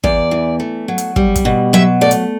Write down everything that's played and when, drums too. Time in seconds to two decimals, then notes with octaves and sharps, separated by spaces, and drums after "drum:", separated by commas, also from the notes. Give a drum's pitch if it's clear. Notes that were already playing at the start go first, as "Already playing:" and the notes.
0.04 E2 D5, drum: kick
0.31 E3
0.60 A3
0.88 F#3
0.98 drum: hi-hat
1.16 G3, drum: kick
1.36 drum: kick, hi-hat
1.45 B2
1.73 F#3 E5
2.01 A3 D5
2.11 drum: hi-hat